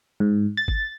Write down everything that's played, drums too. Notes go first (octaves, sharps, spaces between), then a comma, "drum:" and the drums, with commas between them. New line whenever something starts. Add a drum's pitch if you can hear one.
G#2
A6
drum: kick G1